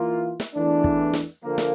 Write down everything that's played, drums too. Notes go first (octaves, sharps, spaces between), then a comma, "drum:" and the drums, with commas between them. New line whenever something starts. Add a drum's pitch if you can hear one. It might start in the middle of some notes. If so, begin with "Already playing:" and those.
Already playing: E3 A#3 F4
drum: snare
E2 E3 A3 D4
drum: kick
drum: snare
D3 F3 A#3
drum: snare